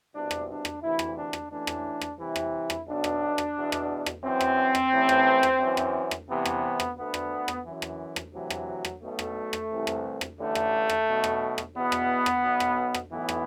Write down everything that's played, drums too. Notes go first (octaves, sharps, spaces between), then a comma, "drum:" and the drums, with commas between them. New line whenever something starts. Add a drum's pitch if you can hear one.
C2 B2 D4
drum: rim click
D4
drum: rim click
D2 C3 E3 E4
drum: rim click
D4
drum: rim click
A1 A2 E3 D4
drum: rim click
drum: rim click
C2 C3 E3 E4
drum: rim click
drum: rim click
B1 B2 D4
drum: rim click
drum: rim click
E2 B2
drum: rim click
drum: rim click
F#2 E3 C4
drum: rim click
drum: rim click
A1 A2 E3
drum: rim click
drum: rim click
F#2 E3
drum: rim click
drum: rim click
C2 C3 E3 B3
drum: rim click
drum: rim click
D2 D3 B3
drum: rim click
drum: rim click
F#2 E3
drum: rim click
drum: rim click
D2 C3 E3 F#3
drum: rim click
drum: rim click
B1 B2 A3
drum: rim click
drum: rim click
C2 C3 E3
drum: rim click
drum: rim click
A1 G2 D3 A3
drum: rim click
drum: rim click
B1 B2
drum: rim click
drum: rim click
E2 B2 B3
drum: rim click
drum: rim click
B1 B2
drum: rim click
drum: rim click
B1 A2 E3 B3
drum: rim click